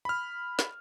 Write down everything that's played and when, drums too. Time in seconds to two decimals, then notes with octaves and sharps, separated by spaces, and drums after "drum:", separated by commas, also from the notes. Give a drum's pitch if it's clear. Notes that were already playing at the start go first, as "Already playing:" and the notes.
0.05 B5 F6
0.59 drum: snare